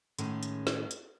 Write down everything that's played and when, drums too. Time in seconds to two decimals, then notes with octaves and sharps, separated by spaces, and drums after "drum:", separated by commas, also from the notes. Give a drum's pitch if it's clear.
0.19 A2 D#3 G#3 C#4, drum: hi-hat
0.43 drum: hi-hat
0.67 drum: snare
0.91 drum: hi-hat